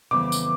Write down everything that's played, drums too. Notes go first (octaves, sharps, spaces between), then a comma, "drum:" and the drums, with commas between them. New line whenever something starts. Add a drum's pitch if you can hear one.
F2 C#3 E3 G3 B3 D6
drum: tambourine